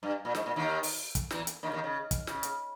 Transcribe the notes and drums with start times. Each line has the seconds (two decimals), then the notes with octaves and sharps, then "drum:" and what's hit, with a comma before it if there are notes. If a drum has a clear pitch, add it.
0.03 G2
0.25 A#2
0.35 G#2, drum: snare
0.46 A#2
0.56 D#2 D#3
0.83 drum: open hi-hat
1.15 drum: kick, hi-hat
1.31 E2 E3, drum: snare
1.47 drum: hi-hat
1.63 D#2 D#3
1.69 C#3
1.73 D#2 D#3
1.84 C#3
2.11 drum: kick, hi-hat
2.27 C#3, drum: snare
2.43 drum: hi-hat